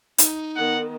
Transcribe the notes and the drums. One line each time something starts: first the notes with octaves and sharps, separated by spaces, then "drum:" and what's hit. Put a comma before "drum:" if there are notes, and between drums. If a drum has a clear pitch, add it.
D#4, drum: hi-hat
D#3 B3 F#5